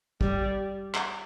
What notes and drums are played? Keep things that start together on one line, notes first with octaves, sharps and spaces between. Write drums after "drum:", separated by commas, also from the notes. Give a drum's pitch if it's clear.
G3, drum: kick
drum: clap